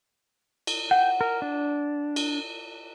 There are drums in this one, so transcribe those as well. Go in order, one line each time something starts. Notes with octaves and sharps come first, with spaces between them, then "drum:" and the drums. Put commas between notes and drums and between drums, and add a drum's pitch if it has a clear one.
drum: cymbal
F#5 G5
A#4
D4
drum: cymbal